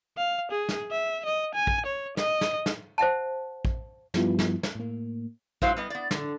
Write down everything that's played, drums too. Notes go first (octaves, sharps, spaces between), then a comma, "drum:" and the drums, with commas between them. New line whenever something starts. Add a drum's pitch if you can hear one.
F5
G#4
drum: snare
E5
D#5
G#5
drum: kick
C#5
D#5, drum: snare
drum: snare
drum: snare
C5 E5 F#5 A5
drum: kick
G2 F3 G3 B3 E4 F4, drum: snare
drum: snare
drum: snare
A2 A#3
F#3 G#3 E4 F#4 C5 F5, drum: kick
G3 B3 D#5
B3 D5
D3, drum: snare